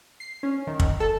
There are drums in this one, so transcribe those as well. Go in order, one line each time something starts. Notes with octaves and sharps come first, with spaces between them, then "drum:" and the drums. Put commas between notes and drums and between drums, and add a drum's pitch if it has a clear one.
C7
C#4
D#3
drum: kick
A4